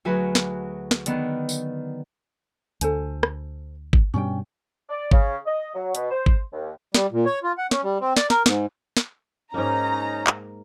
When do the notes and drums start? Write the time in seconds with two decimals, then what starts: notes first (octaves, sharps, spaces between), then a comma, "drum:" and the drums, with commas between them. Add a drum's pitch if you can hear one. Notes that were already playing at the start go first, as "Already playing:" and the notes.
0.05 D2 F#3 F#4 G#4 B4
0.35 drum: snare
0.91 drum: snare
1.06 D3 D#3 B3, drum: hi-hat
1.49 drum: tambourine
2.81 D2 A4 C5 G#5, drum: hi-hat
3.23 drum: rim click
3.93 drum: kick G#1
4.14 G2 B2 G3 C#4 G5
4.89 D5
5.11 C#3, drum: kick G#1
5.46 D#5
5.74 F#3
5.95 B2, drum: hi-hat
6.11 C5
6.26 drum: kick G#1
6.52 D#2
6.94 G3, drum: snare
7.12 A#2
7.25 C#5
7.43 F4
7.58 F#5
7.71 C#4, drum: snare
7.84 G3
8.01 C4
8.17 D5, drum: snare
8.30 A#4, drum: snare
8.46 G#2, drum: snare
8.97 drum: snare
9.54 G#2 A#3 C#4 D#4 A#5
10.27 drum: clap